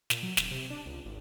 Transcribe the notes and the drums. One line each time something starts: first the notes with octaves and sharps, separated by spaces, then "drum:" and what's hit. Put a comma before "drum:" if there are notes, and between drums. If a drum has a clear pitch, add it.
A#2, drum: snare
F#3
D#1, drum: snare
C3
D4
C#2
G#1